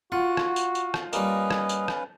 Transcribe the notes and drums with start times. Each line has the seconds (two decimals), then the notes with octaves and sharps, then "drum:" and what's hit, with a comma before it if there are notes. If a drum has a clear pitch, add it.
0.12 F4 F#4 F#5
0.37 drum: rim click
0.56 drum: tambourine
0.75 drum: tambourine
0.94 drum: rim click
1.13 G3 A#3 C#4 B4 D#5 F5, drum: tambourine
1.51 drum: rim click
1.69 drum: tambourine
1.88 drum: rim click